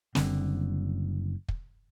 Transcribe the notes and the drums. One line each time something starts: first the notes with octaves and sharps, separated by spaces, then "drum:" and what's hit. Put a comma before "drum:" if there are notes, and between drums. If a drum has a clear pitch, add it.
F#1 D3 G3 C4, drum: snare
drum: kick